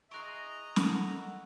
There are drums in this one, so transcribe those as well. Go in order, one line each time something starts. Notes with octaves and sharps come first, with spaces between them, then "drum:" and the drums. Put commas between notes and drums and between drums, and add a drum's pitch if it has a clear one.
E4 G#4 D#5 A#5 C6 C#6 F#6
A4 A#4 F#5, drum: snare